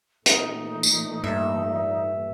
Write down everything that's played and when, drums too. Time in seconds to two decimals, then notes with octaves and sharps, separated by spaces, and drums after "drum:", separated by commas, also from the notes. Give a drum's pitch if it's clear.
0.26 A#2 E3 A3 D#4, drum: hi-hat
0.83 drum: tambourine
1.24 G2 E5